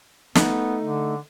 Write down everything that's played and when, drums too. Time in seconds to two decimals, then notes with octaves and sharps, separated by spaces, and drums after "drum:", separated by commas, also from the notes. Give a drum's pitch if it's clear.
0.35 A3 B3 D#4, drum: snare
0.82 D3